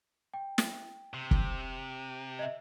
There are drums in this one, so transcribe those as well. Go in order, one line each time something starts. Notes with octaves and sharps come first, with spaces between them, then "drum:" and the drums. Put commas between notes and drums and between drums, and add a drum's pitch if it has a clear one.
G5
drum: snare
C3
drum: kick
D#5 E5